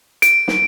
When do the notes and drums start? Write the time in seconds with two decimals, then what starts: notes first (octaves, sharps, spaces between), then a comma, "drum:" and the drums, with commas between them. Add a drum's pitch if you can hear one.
0.22 D7, drum: hi-hat
0.48 drum: snare